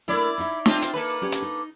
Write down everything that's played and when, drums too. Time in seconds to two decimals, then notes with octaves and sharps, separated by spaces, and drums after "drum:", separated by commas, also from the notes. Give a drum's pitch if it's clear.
0.08 A3 D4 E4 A#4 D5
0.38 D#4 C#5 E5
0.66 C4 D4 F4, drum: snare
0.82 drum: hi-hat
0.94 A#3 A4 B4
1.22 C#4 G4 C#5
1.32 drum: hi-hat
1.42 D#4